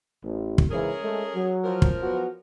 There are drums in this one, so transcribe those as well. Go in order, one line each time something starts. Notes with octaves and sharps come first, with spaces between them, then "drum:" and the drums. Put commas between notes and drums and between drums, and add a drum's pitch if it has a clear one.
A1
drum: kick
G#2 C#3 E3 C#4 G#4 A#4
G#3 A3
F#3
F3 A#4
drum: kick
F#3 B3 F#4